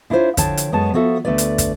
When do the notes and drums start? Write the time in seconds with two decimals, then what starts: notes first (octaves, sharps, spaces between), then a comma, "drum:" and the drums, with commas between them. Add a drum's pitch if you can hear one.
0.10 D4 E4 F4 G#4 C5 C#5
0.37 D3 F3 C#5 G5 A5, drum: kick, hi-hat
0.57 drum: hi-hat
0.72 F#2 G#3 B3 C#5 A5
0.94 F3 B3 F#4 A4 E5
1.25 D2 A3 D4 B4 D5
1.38 drum: hi-hat
1.58 drum: kick, hi-hat